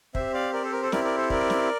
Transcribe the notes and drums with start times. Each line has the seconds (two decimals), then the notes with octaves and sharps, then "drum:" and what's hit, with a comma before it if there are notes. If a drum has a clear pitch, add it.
0.15 C4 G4 C5 E5, drum: kick
0.34 D5 F5
0.53 A#4 D5
0.63 A4 C5
0.72 A#4
0.82 A4 C5
0.92 C4 E4 G4 A#4 D5, drum: snare
1.05 A#4 D5
1.17 A4 C5
1.30 A#4 D5, drum: kick
1.50 drum: snare